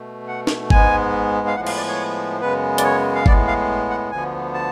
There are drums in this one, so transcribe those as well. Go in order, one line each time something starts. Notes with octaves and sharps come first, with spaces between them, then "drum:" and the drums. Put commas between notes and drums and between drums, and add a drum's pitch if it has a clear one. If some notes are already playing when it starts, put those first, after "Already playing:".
Already playing: B2 A3
F#5
drum: snare
G#2 G#3 B3 G#5, drum: kick G1
F5
A2 F3 G#3 B3 F#5
F5, drum: cymbal
D5
C#5
F#2 C#3 G#3 B3 B4
D5, drum: hi-hat
C#5
F5
A2 G#3 B3 D5, drum: kick G1
F5
F#5
D2 D3 F3 B3 G#5
A5